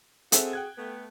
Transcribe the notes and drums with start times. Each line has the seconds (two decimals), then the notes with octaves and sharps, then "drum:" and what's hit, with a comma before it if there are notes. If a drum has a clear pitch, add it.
0.32 C4 F#4 G#4 A4 E5, drum: hi-hat
0.53 G5 F#6 G#6
0.77 A3 B3